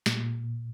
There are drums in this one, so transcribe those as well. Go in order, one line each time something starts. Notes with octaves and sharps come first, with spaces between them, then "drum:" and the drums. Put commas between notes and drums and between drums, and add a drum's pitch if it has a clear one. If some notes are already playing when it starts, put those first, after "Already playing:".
A#2, drum: snare